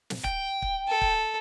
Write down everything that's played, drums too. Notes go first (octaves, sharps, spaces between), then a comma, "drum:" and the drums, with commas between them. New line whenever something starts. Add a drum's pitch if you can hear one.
drum: snare
G5, drum: kick
drum: kick
A4
drum: kick